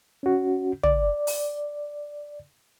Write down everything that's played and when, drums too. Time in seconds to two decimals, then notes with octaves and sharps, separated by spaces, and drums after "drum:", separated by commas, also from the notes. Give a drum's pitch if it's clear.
0.23 C#4 F#4
0.83 D5, drum: tom
1.27 drum: open hi-hat